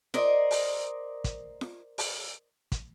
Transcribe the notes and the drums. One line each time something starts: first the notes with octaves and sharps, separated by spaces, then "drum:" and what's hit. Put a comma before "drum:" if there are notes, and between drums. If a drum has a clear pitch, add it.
A#4 C5 D5 D#5, drum: snare F4
drum: open hi-hat
drum: kick, hi-hat
drum: snare F4
drum: open hi-hat
drum: kick, hi-hat